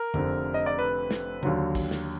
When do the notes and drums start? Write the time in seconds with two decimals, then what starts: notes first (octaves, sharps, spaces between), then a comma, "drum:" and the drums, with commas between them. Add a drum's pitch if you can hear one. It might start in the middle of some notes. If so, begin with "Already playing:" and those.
Already playing: A#4
0.14 F1 F2 D3, drum: tom D3
0.54 D#5
0.66 D5
0.79 B4
1.11 drum: snare
1.43 D#2 D3 F#3, drum: tom C#3
1.75 drum: kick, open hi-hat
1.91 drum: snare